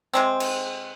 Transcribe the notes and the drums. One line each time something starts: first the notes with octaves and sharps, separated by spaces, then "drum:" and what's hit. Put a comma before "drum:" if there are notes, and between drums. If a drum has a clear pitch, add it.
C3 G#3 C4
drum: cymbal